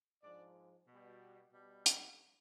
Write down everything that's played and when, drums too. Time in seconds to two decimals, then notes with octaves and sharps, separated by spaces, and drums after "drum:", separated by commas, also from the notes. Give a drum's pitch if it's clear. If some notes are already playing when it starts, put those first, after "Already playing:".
0.22 G#2 F3 D4 D5
0.88 B2 G3
1.53 B2 G3
1.86 D#4 D#5, drum: hi-hat